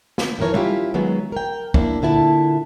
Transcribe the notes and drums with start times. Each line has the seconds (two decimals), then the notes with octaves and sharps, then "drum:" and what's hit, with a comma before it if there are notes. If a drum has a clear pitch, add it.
0.18 drum: snare
0.39 F2 D#3 E3 A#4 C#5
0.54 B3 C#4 E4 F4 G4, drum: tom G3
0.94 D#3 F#3 G#3 B3
1.32 A#4 G5
1.74 A#3 D4 E4, drum: kick
2.02 A#2 D3 E4 G#5 A5